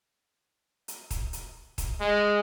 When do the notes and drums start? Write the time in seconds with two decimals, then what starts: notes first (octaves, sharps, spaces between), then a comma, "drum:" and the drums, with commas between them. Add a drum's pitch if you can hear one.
0.88 drum: hi-hat
1.11 drum: kick D#1, hi-hat
1.33 drum: hi-hat
1.78 drum: kick D#1, hi-hat
2.00 G#3